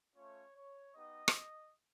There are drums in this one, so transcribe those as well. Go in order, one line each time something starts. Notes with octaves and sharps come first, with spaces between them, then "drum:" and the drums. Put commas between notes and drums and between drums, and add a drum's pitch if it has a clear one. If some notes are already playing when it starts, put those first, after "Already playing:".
A3 C#4 F4 C#5
C#5
B3 D#4 G4 D#5
drum: rim click